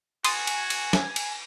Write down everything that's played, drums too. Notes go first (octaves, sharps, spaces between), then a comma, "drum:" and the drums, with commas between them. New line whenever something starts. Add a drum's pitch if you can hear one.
F#4 G#5 C6 D#6 A6, drum: cymbal
drum: cymbal
drum: cymbal
drum: snare
drum: cymbal